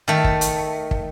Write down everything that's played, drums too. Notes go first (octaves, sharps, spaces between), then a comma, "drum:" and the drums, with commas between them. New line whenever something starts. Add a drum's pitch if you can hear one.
D#3 A3
drum: kick
drum: hi-hat
drum: kick